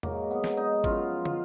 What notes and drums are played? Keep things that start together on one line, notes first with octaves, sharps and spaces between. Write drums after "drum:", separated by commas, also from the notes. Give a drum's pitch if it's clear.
G#2 F#3 A#3, drum: tom E2
B3
drum: snare
D#4
F#2 F3 F4, drum: kick
F4, drum: tom